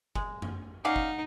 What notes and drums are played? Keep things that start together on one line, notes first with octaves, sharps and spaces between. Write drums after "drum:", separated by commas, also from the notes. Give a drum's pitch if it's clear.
G#3, drum: kick
drum: tom F#2
C#4 D#4 D5 F5 F#5
drum: kick